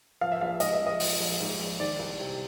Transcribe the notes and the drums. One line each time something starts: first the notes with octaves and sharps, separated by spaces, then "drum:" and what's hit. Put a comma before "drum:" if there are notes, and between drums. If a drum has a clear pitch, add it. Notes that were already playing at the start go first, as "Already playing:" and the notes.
F3 F5
E5
A#1 F5
G#2 D#5, drum: hi-hat
E5
A#1
D#5
F3, drum: open hi-hat
A#1
G#2
A#1
D#3 D5
C2
C3